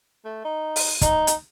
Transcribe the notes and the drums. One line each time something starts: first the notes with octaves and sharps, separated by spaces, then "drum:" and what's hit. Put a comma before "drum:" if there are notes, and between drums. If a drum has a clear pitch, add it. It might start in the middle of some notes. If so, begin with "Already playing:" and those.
A3
D#4
drum: open hi-hat
D#4, drum: kick, hi-hat
drum: hi-hat